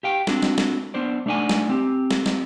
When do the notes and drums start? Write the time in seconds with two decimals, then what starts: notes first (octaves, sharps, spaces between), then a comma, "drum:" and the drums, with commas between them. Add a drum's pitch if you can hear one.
0.03 G4 F5 G5
0.27 C4 D4 F#4, drum: snare
0.42 drum: snare
0.58 drum: snare
0.94 B3 D4 C5 D5
1.26 A3 D4 D#4 D5 F#5 G#5
1.49 drum: snare
1.69 C4 G4
2.11 drum: snare
2.26 drum: snare